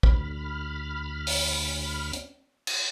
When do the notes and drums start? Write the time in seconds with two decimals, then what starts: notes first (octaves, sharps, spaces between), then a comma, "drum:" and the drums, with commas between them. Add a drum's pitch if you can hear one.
0.03 D2 B5 F6, drum: kick
1.27 drum: open hi-hat
2.13 drum: hi-hat
2.67 drum: cymbal